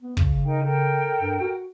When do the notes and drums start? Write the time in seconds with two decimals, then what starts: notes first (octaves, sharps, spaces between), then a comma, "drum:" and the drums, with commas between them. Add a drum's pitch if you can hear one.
0.02 B3
0.17 C#3, drum: kick
0.44 D#4 A#4 G5
0.64 A4 A#4 G5
1.20 G2
1.40 F#4